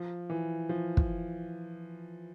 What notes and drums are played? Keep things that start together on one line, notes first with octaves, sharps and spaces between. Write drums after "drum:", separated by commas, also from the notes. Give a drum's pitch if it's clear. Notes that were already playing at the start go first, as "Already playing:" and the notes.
Already playing: F3
E3
F3
drum: kick